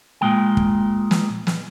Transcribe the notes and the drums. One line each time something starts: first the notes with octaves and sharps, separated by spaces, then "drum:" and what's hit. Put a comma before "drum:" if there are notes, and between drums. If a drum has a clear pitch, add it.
A#2 G#3 G5
drum: kick
drum: snare
drum: snare